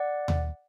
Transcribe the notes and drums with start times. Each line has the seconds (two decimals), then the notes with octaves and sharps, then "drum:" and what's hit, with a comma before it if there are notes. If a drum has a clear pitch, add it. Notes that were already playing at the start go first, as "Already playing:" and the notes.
Already playing: D5 F#5
0.28 drum: tom D#2